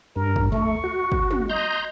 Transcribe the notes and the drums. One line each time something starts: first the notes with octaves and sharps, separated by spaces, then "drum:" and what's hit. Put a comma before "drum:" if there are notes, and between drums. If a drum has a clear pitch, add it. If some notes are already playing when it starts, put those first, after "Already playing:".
G2 A#4
drum: kick
A3 C#6, drum: tom
F#4
drum: kick
drum: tom
D#5 A#5 C6 G6